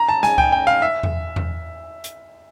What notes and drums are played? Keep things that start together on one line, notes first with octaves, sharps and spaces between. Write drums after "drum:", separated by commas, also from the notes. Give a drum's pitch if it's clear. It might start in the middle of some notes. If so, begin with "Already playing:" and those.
Already playing: A#5
A5
G#5, drum: snare
G5, drum: kick C#2
G5
F5
E5
drum: tom E2
drum: tom E2
drum: hi-hat